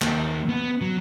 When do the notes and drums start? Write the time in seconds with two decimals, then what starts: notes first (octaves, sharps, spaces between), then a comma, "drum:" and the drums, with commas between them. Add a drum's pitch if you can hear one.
0.02 D#2 A#3, drum: clap
0.49 B3
0.82 F#3